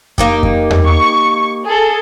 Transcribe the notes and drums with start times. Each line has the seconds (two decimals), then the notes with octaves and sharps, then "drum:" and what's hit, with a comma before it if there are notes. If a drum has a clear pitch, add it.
0.18 A#3 D#4 G4, drum: kick F2
0.43 drum: kick F2
0.70 drum: tom E2
0.86 C#6
1.64 G#4 A4